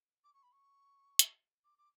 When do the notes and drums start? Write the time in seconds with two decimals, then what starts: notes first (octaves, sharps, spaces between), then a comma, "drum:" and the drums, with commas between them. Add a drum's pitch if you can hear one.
0.24 D6
0.33 C#6
0.42 B5
0.52 C#6
1.19 drum: hi-hat
1.64 D6
1.78 D6